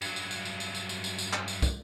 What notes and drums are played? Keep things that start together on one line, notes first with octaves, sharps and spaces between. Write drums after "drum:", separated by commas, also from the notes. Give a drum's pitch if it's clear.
G2 F#3, drum: tambourine
drum: tambourine
drum: tambourine
drum: tambourine
drum: tambourine
drum: tambourine
drum: tambourine
drum: tambourine
drum: tambourine
drum: clap
drum: tambourine
drum: kick, tambourine